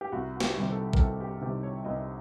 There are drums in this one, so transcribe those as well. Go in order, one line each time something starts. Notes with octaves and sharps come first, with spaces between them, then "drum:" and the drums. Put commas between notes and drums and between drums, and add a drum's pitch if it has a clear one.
G4
C2 F#4
F#4
G4, drum: snare
C3 D#3 G3
A4
A#4, drum: kick A1
C2 A4
G4
C3 D#3 G3 G4
C#5
C2 D#5